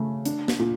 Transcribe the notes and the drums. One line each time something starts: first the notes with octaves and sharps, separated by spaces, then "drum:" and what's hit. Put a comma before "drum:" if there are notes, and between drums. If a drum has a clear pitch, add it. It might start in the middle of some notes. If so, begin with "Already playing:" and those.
Already playing: C#3 A3
D4, drum: hi-hat
drum: snare
A#2